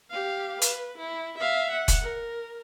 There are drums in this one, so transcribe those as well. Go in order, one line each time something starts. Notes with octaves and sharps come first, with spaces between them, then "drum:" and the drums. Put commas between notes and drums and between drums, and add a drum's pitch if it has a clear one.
G4 F5
B4, drum: hi-hat
E4
E5 F5
F#5
drum: kick, hi-hat
A#4